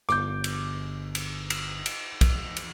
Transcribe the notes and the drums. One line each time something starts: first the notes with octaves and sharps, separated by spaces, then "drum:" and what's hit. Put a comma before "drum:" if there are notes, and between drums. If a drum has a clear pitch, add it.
G1 D6 G6, drum: rim click
drum: cymbal
drum: cymbal
drum: cymbal
drum: cymbal
drum: kick, cymbal
drum: cymbal